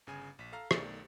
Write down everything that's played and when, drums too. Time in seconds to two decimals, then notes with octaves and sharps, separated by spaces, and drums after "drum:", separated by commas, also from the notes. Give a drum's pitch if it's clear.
0.07 G1 C#3 G#5
0.39 A#1 B6
0.52 A4 F5 A#5
0.71 B1 D#3 A3 D5 A6 C#7, drum: rim click